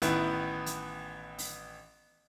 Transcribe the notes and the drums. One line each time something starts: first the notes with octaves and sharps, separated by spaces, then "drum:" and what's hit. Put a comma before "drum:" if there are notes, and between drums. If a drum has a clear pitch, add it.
A1 D#3 B3 E4 B4, drum: hi-hat
drum: hi-hat
drum: open hi-hat